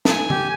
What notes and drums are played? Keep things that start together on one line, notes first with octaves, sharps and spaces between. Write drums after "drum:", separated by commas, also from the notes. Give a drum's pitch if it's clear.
A5, drum: snare
G#5
G4, drum: tom D3